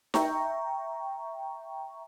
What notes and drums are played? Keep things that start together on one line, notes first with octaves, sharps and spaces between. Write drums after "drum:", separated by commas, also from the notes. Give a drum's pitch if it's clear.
E5 G5 A#5 C#6, drum: snare D#4